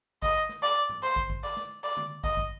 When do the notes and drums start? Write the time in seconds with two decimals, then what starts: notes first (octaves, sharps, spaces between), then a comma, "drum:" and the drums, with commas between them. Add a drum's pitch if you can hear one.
0.22 D#5, drum: kick
0.49 drum: snare
0.63 D5
0.89 drum: tom G#2
1.03 C5
1.16 drum: kick
1.30 drum: kick
1.43 D5
1.57 drum: snare
1.84 D5
1.97 drum: tom C#3
2.24 D#5, drum: kick
2.37 drum: kick